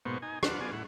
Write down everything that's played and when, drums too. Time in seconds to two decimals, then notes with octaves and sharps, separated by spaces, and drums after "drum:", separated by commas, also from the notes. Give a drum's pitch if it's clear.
0.05 G#2 B2 A#3 B3 C5 C#6
0.22 D#4 G#5
0.43 D4 F4 B4 F#5, drum: rim click
0.61 B3 F4 D5 G#5
0.73 A2 E4 F#5